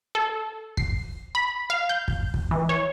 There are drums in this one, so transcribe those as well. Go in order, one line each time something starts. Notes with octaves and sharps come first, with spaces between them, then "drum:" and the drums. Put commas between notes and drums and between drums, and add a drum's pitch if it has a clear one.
A4
C7, drum: kick
B5
F5
G6
drum: kick
drum: kick
E3
C#5